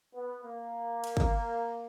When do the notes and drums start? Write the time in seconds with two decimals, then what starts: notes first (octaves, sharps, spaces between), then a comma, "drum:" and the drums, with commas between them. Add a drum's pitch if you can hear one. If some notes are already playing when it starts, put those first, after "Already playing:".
0.13 B3
0.43 A#3
1.04 drum: cymbal
1.17 drum: kick